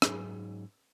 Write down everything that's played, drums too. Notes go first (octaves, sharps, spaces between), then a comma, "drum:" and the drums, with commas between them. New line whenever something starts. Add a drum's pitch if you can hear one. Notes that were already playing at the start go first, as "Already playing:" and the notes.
G#2 F#3 C#4 D#4 G#4 G#5, drum: rim click